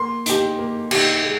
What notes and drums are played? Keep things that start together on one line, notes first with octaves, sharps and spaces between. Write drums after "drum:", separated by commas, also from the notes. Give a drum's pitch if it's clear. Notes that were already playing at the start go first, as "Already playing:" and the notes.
Already playing: A#3 C6
D#4 G4, drum: hi-hat
A#3
D#4 G4, drum: cymbal
G#3